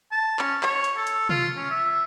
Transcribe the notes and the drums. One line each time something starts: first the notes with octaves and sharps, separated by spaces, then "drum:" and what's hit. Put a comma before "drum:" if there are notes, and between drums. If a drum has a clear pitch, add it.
A5
C#4, drum: clap
C#5, drum: clap
drum: hi-hat
A4
drum: hi-hat
F4, drum: tom
C#4
E5